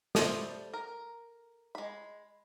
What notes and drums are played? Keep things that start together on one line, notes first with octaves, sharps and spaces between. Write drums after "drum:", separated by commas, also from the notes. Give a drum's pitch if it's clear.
G3 A3 A4 C5, drum: snare
A#4
G#3 B5